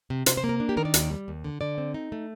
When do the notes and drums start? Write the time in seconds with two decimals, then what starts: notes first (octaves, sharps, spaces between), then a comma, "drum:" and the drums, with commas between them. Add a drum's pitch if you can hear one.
0.10 C3
0.26 C3 C5, drum: hi-hat
0.37 C5
0.44 A#3
0.49 A#4
0.60 D4
0.69 G4
0.77 D#3 A#4
0.85 D5
0.94 D#2, drum: hi-hat
1.10 G3
1.28 D#2
1.44 D3
1.61 D3 D5
1.78 C4
1.94 D#4
2.12 A3